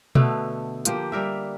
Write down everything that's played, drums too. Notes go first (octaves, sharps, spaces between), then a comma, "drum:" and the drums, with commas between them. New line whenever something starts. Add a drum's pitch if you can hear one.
B2 D3 A3 B3, drum: tom B2
F3 A#3 G4 C5, drum: hi-hat
G3 A#4 E5